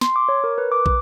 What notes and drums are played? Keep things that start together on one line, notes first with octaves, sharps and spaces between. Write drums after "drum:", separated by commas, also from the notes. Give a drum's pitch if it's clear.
C6, drum: snare
D6
C#5
A#4
B4
D6
D6, drum: kick